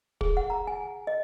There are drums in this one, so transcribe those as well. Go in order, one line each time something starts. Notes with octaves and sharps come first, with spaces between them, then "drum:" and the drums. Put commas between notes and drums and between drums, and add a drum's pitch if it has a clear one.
G#4, drum: kick
F#5
A#5
G#5
D#5